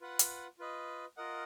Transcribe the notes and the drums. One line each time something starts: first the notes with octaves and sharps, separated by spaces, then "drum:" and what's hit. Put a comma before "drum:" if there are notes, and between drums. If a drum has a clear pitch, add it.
F4 B4 F#5
drum: hi-hat
F4 B4 D#5
F4 A#4 D#5 F#5